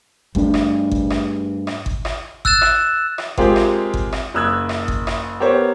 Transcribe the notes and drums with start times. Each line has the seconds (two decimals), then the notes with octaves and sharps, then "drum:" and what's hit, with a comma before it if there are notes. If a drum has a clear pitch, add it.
0.35 G2 A3 B3 D4, drum: kick G1
0.54 drum: rim click
0.91 drum: kick G1
1.10 drum: rim click
1.67 drum: rim click
1.86 drum: kick G1
2.05 drum: rim click
2.45 E6 F#6 A6 E7, drum: kick G1
2.61 drum: rim click
3.18 drum: rim click
3.38 G#3 C4 F4 G4 G#4 A#4, drum: kick G1
3.56 drum: rim click
3.94 drum: kick G1
4.13 drum: rim click
4.34 F#1 D#6 E6 F#6 G#6
4.69 drum: rim click
4.88 drum: kick G1
5.07 drum: rim click
5.40 B3 G4 A#4 C5 C#5